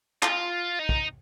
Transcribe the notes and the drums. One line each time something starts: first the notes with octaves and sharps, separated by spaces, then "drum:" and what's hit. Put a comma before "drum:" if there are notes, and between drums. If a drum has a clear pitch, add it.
F4, drum: clap
D#4
drum: kick